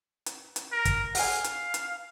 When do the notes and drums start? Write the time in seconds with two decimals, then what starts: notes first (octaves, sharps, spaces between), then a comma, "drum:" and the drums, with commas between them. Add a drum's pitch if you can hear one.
0.26 drum: hi-hat
0.56 drum: hi-hat
0.72 A#4
0.85 drum: kick, hi-hat
1.15 F5 F#5 G#5, drum: open hi-hat
1.44 drum: hi-hat
1.74 drum: hi-hat